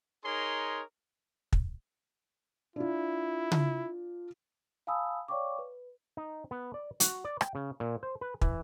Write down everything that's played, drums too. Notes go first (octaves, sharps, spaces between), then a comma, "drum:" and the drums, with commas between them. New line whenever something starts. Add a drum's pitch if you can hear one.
D#4 G#4 A#4 C#5 C6
drum: kick
D4 E4 F4
drum: tom C#3
F5 G#5 A5 B5 D#6 E6
C#5 D5 F5 G5 C#6 D6
B4
D#4
B3
D5
F#4, drum: hi-hat
D5
G5, drum: rim click
C#3
A#2
C5
B4
E3, drum: kick